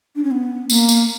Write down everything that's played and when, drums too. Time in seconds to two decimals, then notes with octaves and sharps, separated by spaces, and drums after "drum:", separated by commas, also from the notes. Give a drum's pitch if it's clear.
0.16 D4
0.24 C#4
0.31 B3
0.70 A#3, drum: tambourine
0.89 drum: tambourine